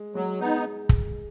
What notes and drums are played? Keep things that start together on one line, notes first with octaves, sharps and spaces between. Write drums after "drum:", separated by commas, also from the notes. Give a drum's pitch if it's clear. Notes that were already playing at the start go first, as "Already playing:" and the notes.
Already playing: G#3
F#3 G#3
B3 D#4
drum: kick